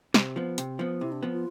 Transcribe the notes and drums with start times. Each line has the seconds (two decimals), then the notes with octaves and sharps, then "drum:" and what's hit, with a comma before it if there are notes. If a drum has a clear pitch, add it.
0.14 C3, drum: snare
0.36 F3 B3
0.58 C3, drum: hi-hat
0.79 F3 B3
1.01 C3 E4
1.12 D4
1.23 F3 B3
1.33 F4